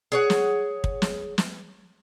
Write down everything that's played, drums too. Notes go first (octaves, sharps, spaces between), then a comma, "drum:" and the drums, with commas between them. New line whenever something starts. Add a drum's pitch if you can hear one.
G#4 C#5 F#5
drum: snare
drum: kick
drum: snare
drum: snare